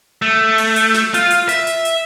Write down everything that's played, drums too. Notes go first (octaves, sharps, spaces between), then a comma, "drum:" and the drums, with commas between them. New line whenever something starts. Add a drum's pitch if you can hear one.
A3
drum: open hi-hat
drum: hi-hat
drum: snare
F4, drum: hi-hat
drum: hi-hat
E5, drum: hi-hat
drum: hi-hat
drum: hi-hat